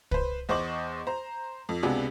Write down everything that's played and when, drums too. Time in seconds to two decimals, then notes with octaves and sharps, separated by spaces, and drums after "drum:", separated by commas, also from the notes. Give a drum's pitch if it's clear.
0.11 B4 C5, drum: kick
0.49 E2 C5 D#5 C#6 D6 F#7
1.07 C5 A#5
1.69 F2
1.83 C#2 C3 B3 D4 F#4 G#4